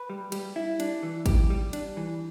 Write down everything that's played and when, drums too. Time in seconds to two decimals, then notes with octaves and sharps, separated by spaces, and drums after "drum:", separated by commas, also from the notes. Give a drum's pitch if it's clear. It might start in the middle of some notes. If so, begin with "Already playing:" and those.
Already playing: B4
0.10 G3
0.32 G3, drum: cymbal
0.56 E4
0.80 D4, drum: cymbal
1.03 E3
1.26 G4, drum: kick G#1, cymbal
1.50 G3
1.73 D4, drum: cymbal
1.97 E3